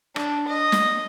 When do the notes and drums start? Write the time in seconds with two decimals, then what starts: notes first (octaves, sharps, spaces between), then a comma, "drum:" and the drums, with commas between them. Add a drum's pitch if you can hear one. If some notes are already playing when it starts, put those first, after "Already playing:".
0.16 D4, drum: rim click
0.48 D#5
0.72 drum: snare